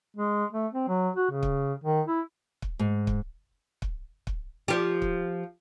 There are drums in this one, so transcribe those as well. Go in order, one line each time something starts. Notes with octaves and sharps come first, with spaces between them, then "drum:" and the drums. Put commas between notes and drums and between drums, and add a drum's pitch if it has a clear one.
G#3
A3
C4
F#3
F#4
C#3
drum: kick
D#3
E4
drum: kick
G#2
drum: kick
drum: kick
drum: kick
F3 G4
drum: kick